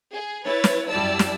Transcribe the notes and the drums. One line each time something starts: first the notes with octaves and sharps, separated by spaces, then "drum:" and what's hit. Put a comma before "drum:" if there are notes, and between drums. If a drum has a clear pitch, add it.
G#4
E4 B4 C#5 A6
drum: snare
F#2 G3 E4 D5 A5 E6
drum: snare